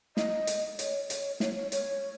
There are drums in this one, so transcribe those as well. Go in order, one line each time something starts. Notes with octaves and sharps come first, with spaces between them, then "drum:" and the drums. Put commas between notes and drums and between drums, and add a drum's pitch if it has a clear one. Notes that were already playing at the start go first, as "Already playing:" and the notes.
D#5, drum: snare
drum: hi-hat
C#5, drum: hi-hat
C#5, drum: hi-hat
C#5, drum: snare
C#5
C#5, drum: hi-hat